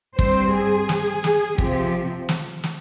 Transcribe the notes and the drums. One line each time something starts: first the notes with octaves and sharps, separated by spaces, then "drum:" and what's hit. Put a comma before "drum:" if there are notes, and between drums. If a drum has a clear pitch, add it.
G2 G3 C4 C5, drum: kick
G#4
drum: snare
drum: snare
C3 F3 C4 G4, drum: kick
drum: snare
drum: snare